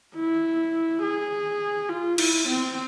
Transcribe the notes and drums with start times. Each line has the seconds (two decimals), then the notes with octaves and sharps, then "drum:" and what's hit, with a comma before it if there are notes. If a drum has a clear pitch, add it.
0.16 E4
1.02 G#4
1.89 F4
2.18 E4, drum: cymbal
2.47 C4